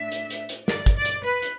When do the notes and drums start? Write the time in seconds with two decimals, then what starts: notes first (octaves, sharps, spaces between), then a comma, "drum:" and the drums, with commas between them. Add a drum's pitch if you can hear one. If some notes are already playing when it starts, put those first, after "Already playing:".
Already playing: A2 A3 D4 E5
0.12 drum: hi-hat
0.30 drum: hi-hat
0.49 drum: hi-hat
0.68 D5, drum: snare
0.86 drum: kick, hi-hat
0.96 D5
1.05 drum: hi-hat
1.24 B4
1.42 drum: hi-hat